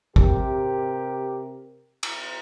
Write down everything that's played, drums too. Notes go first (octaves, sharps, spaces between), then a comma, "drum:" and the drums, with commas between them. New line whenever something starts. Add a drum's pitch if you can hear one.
C3 G4 A#4, drum: kick
drum: cymbal